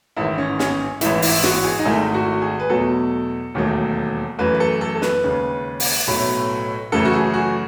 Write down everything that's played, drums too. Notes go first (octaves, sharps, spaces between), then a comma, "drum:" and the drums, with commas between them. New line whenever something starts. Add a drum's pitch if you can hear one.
A1 G#2 D#3 E4
C#4
C#4, drum: snare
A1 G#2 E3 E4, drum: hi-hat
E4, drum: open hi-hat
F#4, drum: snare
G#4
D#4
G#1 G#2 D#3 A3 E4
F#4
G#4
B4
E2 B2 F#3 A3 A4
E1 D#2 D#3 F#3 A3
F#2 E3 A3 B4
B4
A4
A4
A4
B4, drum: snare
D#2 C#3 G#3
drum: open hi-hat
B1 A2 F#3 A3
F#2 C#3 E3 A3 A4
F#4
G#4
F#4